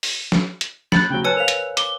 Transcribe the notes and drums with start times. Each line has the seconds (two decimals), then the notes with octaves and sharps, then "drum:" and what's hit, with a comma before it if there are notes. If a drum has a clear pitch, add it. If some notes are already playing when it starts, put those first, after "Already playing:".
0.03 drum: open hi-hat
0.32 drum: snare
0.61 drum: hi-hat
0.92 B5 F#6 G6 A6 C#7, drum: snare
1.10 C#3 F#3 G5
1.24 B4 C#5 G#5 A5 E6 F#6 C#7
1.36 A#4 C5 F5 F7
1.48 drum: hi-hat
1.77 D6 G7, drum: hi-hat